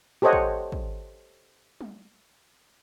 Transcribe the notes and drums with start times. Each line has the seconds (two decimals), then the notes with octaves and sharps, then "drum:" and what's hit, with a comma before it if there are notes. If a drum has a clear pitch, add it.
0.22 G4 A4 C5 C#5 D#5 F#5
0.33 drum: kick
0.72 drum: kick
1.81 drum: tom